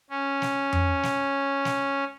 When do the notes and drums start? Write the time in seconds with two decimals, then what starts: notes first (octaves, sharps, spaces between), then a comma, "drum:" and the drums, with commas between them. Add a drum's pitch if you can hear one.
0.10 C#4
0.42 drum: snare
0.73 drum: tom F2
1.03 drum: snare
1.65 drum: snare